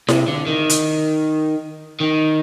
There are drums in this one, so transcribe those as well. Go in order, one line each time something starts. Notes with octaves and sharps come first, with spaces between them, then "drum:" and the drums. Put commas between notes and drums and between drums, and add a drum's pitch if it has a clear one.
C3, drum: snare E4
D3
D#3
drum: hi-hat
D#3